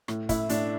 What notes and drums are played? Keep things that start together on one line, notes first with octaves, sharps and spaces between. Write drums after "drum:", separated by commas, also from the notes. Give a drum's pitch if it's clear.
A2, drum: rim click
A2 E4, drum: kick, hi-hat
A2 D4, drum: hi-hat